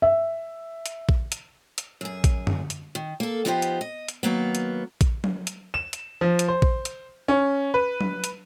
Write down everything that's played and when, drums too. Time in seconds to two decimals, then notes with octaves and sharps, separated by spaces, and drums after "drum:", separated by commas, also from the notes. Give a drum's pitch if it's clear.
0.02 E5
0.86 drum: hi-hat
1.09 drum: kick A#1
1.32 drum: hi-hat
1.78 drum: hi-hat
2.01 F#2 G#4
2.24 drum: kick A#1, hi-hat
2.47 drum: tom
2.70 drum: hi-hat
2.95 D#3
3.20 A#3 A4
3.45 F3 B3 D#4 E4 G4 C5
3.62 drum: hi-hat
3.81 D#5
4.08 drum: hi-hat
4.23 D#3 F#3 A#3 B3
4.55 drum: hi-hat
5.01 drum: kick A#1, hi-hat
5.24 drum: tom F#3
5.47 drum: hi-hat
5.74 E7
5.93 drum: hi-hat
6.21 F3
6.39 drum: hi-hat
6.48 C5
6.62 drum: kick A#1
6.85 drum: hi-hat
7.28 C#4
7.74 B4
8.01 drum: tom F#3
8.24 drum: hi-hat